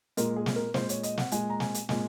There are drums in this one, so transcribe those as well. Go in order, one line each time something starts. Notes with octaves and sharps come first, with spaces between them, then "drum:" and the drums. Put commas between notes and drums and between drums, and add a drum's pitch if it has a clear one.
A#2 G#3 A#4, drum: hi-hat
G#4
drum: snare
A#4
A#2 G#3 C5, drum: snare
C#5, drum: hi-hat
D#5, drum: hi-hat
F#5, drum: snare
A#2 G#3 G#5, drum: hi-hat
A#5
G#5, drum: snare
drum: hi-hat
A#2 G#3 G#5, drum: snare